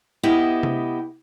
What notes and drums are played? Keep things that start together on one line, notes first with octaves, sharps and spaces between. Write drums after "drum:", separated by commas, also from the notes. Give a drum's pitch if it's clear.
B3 E4 G4 D#5 E5
drum: tom C3